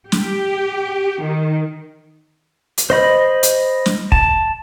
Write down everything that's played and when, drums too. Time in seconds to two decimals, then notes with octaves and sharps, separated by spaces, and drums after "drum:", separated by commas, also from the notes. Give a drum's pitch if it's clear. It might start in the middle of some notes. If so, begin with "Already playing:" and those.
0.12 G4, drum: snare
1.24 D#3
2.78 drum: hi-hat
2.90 C5 D#5 B5
3.43 drum: hi-hat
3.86 drum: snare
4.12 A5, drum: kick